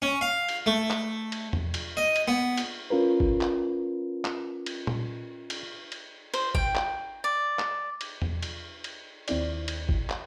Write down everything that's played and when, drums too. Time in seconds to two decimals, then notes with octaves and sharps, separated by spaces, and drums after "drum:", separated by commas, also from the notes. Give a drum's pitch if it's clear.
0.02 C#4
0.21 F5
0.49 drum: cymbal
0.66 A3
0.90 drum: clap
1.32 drum: cymbal
1.53 drum: tom E2
1.74 drum: cymbal
1.97 D#5
2.16 drum: cymbal
2.28 B3
2.57 drum: cymbal
2.90 C#4 F4 A#4 B4
3.20 drum: kick G1
3.41 drum: clap
4.25 drum: clap
4.66 drum: cymbal
4.87 drum: tom A#2
5.50 drum: cymbal
5.92 drum: cymbal
6.34 C5, drum: cymbal
6.55 G5, drum: kick G1
6.75 drum: clap
7.24 D5
7.59 drum: clap
8.01 drum: cymbal
8.22 drum: tom E2
8.43 drum: cymbal
8.84 drum: cymbal
9.28 D#2 C4 E4 D5, drum: cymbal
9.68 drum: cymbal
9.89 drum: kick G1
10.10 drum: clap